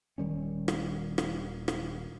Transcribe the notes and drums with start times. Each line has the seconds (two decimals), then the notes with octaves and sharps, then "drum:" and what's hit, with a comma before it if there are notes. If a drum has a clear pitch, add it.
0.18 D#1 D#3 G3 C#4
0.68 drum: rim click
1.18 drum: rim click
1.68 drum: rim click